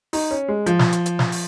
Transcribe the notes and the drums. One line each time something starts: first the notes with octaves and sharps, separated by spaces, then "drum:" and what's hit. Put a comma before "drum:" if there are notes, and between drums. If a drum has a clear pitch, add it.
D#4, drum: open hi-hat
C#4
G#3
F3, drum: hi-hat
drum: snare
drum: hi-hat
drum: hi-hat
drum: snare
drum: open hi-hat